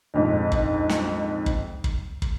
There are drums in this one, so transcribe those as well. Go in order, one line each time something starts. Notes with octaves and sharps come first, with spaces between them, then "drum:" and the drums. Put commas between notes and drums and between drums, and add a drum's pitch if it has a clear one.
A#1 F2 G#2
drum: kick
drum: snare
drum: kick
drum: kick
drum: kick